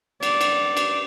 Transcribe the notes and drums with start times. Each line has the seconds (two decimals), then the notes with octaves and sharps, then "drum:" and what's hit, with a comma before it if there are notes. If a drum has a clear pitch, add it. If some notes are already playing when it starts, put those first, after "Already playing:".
0.23 D5, drum: cymbal
0.41 drum: cymbal
0.77 drum: cymbal